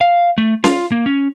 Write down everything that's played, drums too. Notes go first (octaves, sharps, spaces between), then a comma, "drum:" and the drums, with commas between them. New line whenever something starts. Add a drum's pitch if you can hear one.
F5
A3
F4, drum: snare C#4
A#3
C#4